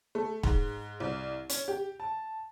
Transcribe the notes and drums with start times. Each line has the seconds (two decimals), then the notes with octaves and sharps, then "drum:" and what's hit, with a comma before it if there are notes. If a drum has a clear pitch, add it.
0.15 A3
0.43 G#2, drum: kick
1.00 C2
1.49 C#4, drum: hi-hat
1.68 G4
2.00 A5